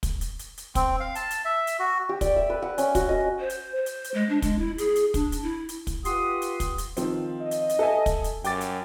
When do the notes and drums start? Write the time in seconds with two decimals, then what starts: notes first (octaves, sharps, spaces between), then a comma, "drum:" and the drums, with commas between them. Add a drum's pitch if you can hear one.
0.03 drum: kick, hi-hat
0.21 drum: hi-hat
0.39 drum: hi-hat
0.58 drum: hi-hat
0.75 C4, drum: kick, hi-hat
1.00 F5
1.15 A5, drum: hi-hat
1.31 drum: hi-hat
1.45 E5
1.67 drum: hi-hat
1.79 F#4
2.09 G4
2.21 D5, drum: kick, hi-hat
2.36 E5
2.50 B4
2.62 F#5
2.78 C#4, drum: hi-hat
2.95 F#4, drum: kick, hi-hat
3.09 D#5
3.40 C5
3.50 drum: hi-hat
3.76 C5
3.86 drum: hi-hat
4.04 drum: hi-hat
4.14 G#3
4.29 D4
4.42 G#3, drum: kick, hi-hat
4.59 E4
4.78 G#4, drum: hi-hat
4.96 drum: hi-hat
5.14 D4, drum: kick, hi-hat
5.32 drum: hi-hat
5.43 E4
5.69 drum: hi-hat
5.87 drum: kick, hi-hat
6.05 F4 G4 B4 F#5 C6 D#6, drum: hi-hat
6.42 drum: hi-hat
6.60 drum: kick, hi-hat
6.78 drum: hi-hat
6.97 D#3 F3 C4, drum: hi-hat
7.41 D#5
7.51 drum: hi-hat
7.69 drum: hi-hat
7.79 A4 E5 G#5
8.06 drum: kick, hi-hat
8.24 drum: hi-hat
8.44 F#2 G5 D6 A6, drum: hi-hat
8.61 drum: hi-hat